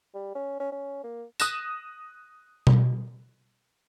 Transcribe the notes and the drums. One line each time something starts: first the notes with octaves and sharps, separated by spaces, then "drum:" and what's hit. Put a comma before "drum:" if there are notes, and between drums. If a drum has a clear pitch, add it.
G3
C#4
C#4
C#4
A#3
D#6 F#6 A#6 E7, drum: tambourine
drum: tom B2